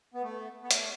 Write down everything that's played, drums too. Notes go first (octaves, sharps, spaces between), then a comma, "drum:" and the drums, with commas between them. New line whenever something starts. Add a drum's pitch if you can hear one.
B3
A3
B3
A3, drum: hi-hat